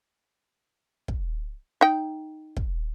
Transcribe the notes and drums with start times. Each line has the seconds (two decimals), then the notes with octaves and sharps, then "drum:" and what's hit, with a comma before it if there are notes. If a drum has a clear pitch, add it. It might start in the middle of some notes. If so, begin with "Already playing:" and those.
1.08 drum: kick
1.81 D#4 G5
2.56 drum: kick